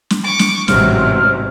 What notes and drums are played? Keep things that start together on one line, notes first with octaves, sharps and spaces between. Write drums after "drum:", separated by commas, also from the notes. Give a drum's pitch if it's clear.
drum: snare
C#6 D6
drum: snare
A1 G#2 C3 F#3 F6, drum: snare